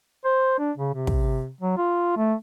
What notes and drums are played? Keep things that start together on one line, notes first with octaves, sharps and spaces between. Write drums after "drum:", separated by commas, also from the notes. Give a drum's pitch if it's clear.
C5
D4
C#3
C3
drum: kick
F#3
F4
A3